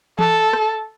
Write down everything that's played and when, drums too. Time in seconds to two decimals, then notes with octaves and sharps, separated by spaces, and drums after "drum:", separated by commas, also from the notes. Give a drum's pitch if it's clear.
0.19 A4, drum: tom E3
0.53 drum: rim click